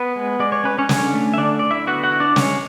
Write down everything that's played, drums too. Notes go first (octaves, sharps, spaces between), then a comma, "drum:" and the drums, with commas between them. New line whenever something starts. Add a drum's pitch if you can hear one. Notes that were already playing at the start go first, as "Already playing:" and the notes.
Already playing: B3 B4
G#3
G#3 D5
C#5
C#4 B4
C#4 C#5
D3, drum: snare
A3
E5
D3 D4 D5
D3 D5
E4 E5
B3 F#4 F#5
F#4 F#5
E4
D4 D5
G#3 C#4 C#5, drum: snare